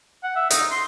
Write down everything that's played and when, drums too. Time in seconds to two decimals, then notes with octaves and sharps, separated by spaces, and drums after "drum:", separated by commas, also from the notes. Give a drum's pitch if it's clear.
0.23 F#5
0.36 E5
0.50 D#4, drum: hi-hat
0.71 C6